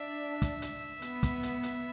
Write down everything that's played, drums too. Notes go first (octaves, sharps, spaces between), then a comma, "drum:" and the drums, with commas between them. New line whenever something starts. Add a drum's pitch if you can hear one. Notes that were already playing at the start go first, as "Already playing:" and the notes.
Already playing: D4 E5
drum: kick, hi-hat
drum: hi-hat
B3, drum: hi-hat
drum: kick, hi-hat
drum: hi-hat
drum: hi-hat